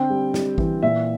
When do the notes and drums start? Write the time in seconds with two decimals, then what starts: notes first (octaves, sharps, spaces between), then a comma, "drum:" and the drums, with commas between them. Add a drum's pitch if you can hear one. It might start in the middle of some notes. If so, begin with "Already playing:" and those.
Already playing: D3 C4 G5
0.10 G3
0.34 G3, drum: snare
0.58 E3, drum: kick A1
0.83 A#2 E5